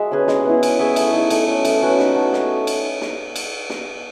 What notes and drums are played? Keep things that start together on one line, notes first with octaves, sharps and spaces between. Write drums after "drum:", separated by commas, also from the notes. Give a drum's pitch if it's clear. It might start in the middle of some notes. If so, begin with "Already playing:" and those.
Already playing: G#3 F#4 E5
C#4 G#4 B4
G#3, drum: snare
B3 E4
C#4, drum: cymbal
G#4 C#5 E5
A3, drum: cymbal
D#4 G#4
A3, drum: cymbal
C#4 F#4
A3, drum: cymbal
C#4 F#4 B4
D#4, drum: snare
F#4 A4 C#5
drum: snare
drum: cymbal
drum: snare
drum: cymbal
drum: snare